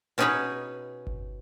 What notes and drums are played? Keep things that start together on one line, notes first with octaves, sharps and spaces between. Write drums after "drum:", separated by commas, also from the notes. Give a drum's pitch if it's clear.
B2 C#4 D#4 G#4 B4 C#5
drum: kick G1